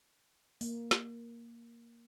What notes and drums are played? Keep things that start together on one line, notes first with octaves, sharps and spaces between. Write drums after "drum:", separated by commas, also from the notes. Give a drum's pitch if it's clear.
A#3, drum: open hi-hat
drum: snare